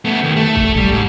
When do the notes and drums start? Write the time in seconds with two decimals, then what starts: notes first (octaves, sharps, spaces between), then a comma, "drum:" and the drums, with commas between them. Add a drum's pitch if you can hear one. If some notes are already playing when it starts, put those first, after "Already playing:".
0.05 A3 B3
0.24 D#2
0.36 A3
0.56 drum: kick
0.77 G3, drum: kick
0.92 G#2